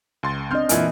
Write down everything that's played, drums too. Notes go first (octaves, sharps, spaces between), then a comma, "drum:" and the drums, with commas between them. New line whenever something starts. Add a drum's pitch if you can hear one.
C#2 C6 A6
C4 D4 D#5 C6 F6 G6
A#2 E3, drum: hi-hat